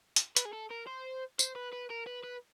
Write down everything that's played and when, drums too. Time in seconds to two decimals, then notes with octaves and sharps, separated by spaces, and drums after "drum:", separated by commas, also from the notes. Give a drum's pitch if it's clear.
0.16 drum: hi-hat
0.36 B4, drum: hi-hat
0.45 G#4
0.53 A4
0.71 A#4
0.87 C5
1.39 C5, drum: tambourine
1.55 B4
1.73 B4
1.90 A#4
2.07 B4
2.24 B4